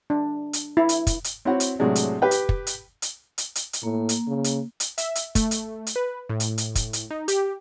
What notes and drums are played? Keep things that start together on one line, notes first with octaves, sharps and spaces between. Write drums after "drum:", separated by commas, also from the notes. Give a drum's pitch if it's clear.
D4
drum: hi-hat
E4
drum: hi-hat
drum: kick, hi-hat
drum: hi-hat
C4 E4 F#4 C#5 F#5
drum: hi-hat
A2 C3 F#3 G#3 D4
drum: hi-hat
G4 B4 G5
drum: hi-hat
drum: kick
drum: hi-hat
drum: hi-hat
drum: hi-hat
drum: hi-hat
drum: hi-hat
A2 A#3
drum: hi-hat
C#3
drum: hi-hat
drum: hi-hat
E5, drum: hi-hat
drum: hi-hat
A3, drum: kick, hi-hat
drum: hi-hat
drum: hi-hat
B4
A2
drum: hi-hat
drum: hi-hat
drum: kick, hi-hat
drum: hi-hat
D#4
G4, drum: hi-hat